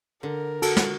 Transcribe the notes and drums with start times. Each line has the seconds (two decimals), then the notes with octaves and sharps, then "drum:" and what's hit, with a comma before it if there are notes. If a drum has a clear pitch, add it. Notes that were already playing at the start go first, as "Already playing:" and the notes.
0.23 D3 A#4
0.62 F#4 A4, drum: cymbal
0.77 drum: snare